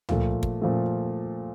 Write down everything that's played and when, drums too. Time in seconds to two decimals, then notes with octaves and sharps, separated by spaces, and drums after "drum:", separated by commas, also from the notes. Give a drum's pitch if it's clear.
0.09 A#2 F3 A3, drum: tom C#2
0.43 drum: kick
0.62 A#2 F3 A3